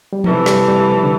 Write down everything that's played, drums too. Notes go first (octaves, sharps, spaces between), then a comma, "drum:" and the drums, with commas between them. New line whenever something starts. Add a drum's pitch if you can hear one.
G3
C3 E3 F3 A3, drum: tom F3
G3, drum: snare
G3
F3
D3